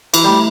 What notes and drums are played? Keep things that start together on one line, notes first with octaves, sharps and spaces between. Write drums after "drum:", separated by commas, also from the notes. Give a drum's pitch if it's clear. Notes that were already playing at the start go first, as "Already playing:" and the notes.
E3 E4, drum: cymbal
G3 A3